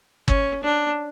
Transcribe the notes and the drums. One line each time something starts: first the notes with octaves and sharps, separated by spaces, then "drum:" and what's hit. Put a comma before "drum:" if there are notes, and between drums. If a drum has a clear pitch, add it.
C#4, drum: kick G1
D4